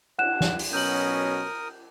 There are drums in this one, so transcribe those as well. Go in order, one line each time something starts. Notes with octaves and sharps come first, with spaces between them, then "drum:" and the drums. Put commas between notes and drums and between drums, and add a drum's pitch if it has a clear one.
F#5 F#6 E7, drum: cymbal
drum: snare
drum: open hi-hat
B2 F#3 C#4 A#4 D#6 G6 F#7